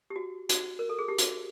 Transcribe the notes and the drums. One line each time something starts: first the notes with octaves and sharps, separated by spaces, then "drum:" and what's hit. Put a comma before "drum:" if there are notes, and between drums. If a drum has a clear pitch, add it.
G4
F#4
F#4, drum: hi-hat
A#4
A4
G#4
G4
F#4, drum: hi-hat